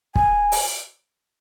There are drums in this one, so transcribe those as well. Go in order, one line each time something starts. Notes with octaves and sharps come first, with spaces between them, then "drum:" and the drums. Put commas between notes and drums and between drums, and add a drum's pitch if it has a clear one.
G#5, drum: kick
drum: open hi-hat